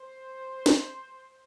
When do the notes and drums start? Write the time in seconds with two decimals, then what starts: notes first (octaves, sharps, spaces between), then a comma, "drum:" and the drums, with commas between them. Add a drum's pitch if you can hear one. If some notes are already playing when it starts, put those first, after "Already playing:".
Already playing: C5
0.66 drum: snare